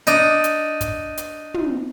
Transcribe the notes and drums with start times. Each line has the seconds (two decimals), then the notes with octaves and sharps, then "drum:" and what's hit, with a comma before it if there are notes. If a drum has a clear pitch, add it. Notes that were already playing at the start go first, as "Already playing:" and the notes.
0.07 D4 D#4, drum: hi-hat
0.44 drum: hi-hat
0.81 drum: kick, hi-hat
1.17 drum: hi-hat
1.54 drum: tom